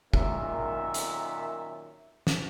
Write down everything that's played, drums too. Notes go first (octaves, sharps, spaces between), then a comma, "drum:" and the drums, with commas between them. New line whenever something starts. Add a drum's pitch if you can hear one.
F#2 A#2 D#3 E5, drum: kick
drum: hi-hat
drum: snare